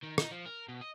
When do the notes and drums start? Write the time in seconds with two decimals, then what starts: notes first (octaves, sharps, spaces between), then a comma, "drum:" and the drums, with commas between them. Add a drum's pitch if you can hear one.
0.03 D#3
0.18 D#4, drum: rim click
0.31 F3
0.45 A#4
0.68 B2
0.81 D#5